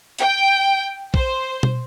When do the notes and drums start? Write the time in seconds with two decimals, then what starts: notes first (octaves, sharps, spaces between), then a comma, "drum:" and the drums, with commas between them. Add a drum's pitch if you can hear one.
0.19 G5, drum: hi-hat
1.14 C5, drum: kick
1.63 drum: tom B2